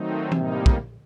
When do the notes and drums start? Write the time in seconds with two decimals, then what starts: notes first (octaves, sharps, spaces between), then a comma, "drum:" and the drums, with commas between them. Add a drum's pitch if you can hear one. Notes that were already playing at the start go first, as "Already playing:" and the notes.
Already playing: D#3 F#3 A3 C4 D#4
0.32 A2 C3 G3 A#3 D#4, drum: tom E3
0.66 drum: kick